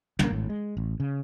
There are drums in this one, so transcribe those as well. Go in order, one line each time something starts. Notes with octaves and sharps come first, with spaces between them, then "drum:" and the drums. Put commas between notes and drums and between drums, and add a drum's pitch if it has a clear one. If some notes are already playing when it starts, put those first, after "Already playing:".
C2 C#3 F3 A#3, drum: tom
G#1 A2
G#3
A1
C#3